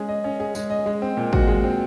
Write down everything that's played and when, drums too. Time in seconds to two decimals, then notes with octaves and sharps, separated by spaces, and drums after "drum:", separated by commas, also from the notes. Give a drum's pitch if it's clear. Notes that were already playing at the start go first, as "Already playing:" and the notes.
Already playing: G#3 C#4 G#4
0.09 D#5
0.24 C#4
0.40 G#4
0.55 G#3, drum: tambourine
0.70 D#5
0.86 G#3
1.02 C4
1.17 A#2
1.33 F#4, drum: kick
1.47 G#3
1.64 C4